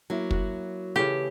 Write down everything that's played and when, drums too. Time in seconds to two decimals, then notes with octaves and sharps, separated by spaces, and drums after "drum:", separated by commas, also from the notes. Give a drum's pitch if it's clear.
0.10 F#3 A#3 E4
0.31 F#4 F#5, drum: kick
0.96 C#3 E3 A3 G4